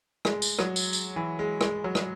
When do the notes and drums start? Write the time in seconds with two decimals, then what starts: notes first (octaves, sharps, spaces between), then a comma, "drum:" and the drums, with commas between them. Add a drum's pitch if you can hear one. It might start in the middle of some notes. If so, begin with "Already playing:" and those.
0.25 G#3, drum: rim click
0.42 drum: tambourine
0.59 F#3, drum: rim click
0.76 drum: tambourine
0.93 drum: tambourine
1.16 E3
1.39 G#3
1.61 G#3, drum: rim click
1.84 F#3
1.95 drum: rim click